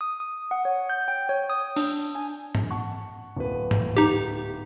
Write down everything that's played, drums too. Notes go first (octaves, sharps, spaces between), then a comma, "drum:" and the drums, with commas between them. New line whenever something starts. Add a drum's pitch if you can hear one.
D#6
D#6
F#5
C#5
G6
G5
C#5
D#6
D4, drum: open hi-hat
G#5
drum: tom G#2
F#5 A5 C#6
D1 B3 B4
drum: tom G#2
D#4 G4